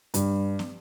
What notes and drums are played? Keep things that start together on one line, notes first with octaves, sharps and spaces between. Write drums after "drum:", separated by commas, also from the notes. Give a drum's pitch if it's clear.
G2, drum: hi-hat
drum: snare